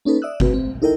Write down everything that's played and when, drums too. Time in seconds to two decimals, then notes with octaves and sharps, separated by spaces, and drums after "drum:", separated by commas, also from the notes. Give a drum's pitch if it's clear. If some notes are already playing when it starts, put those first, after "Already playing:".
0.05 A#3 C#4 D#4 A4 B4
0.22 D5 E5 D#6 E6 F#6
0.40 C4 F#4 B4, drum: kick G1
0.54 C4
0.82 D#4 E4 A4 A#4 D#5 G5